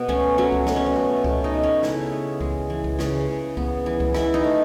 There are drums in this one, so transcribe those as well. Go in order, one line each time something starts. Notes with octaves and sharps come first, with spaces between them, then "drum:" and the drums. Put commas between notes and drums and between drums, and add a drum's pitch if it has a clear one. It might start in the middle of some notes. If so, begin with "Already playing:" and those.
Already playing: B2 B3
A3 C#4, drum: kick C#2
F#3 C#4
drum: kick C#2
B2 B3, drum: snare
C#4
B3
A3
B2, drum: kick C#2
D#4
A3
C#4
C#3 E4, drum: snare
B3
G#3, drum: kick C#2
E3
drum: kick C#2
C#3, drum: snare
C#3
B3, drum: kick C#2
E3
drum: kick C#2
E3 E4, drum: snare
D#4
A3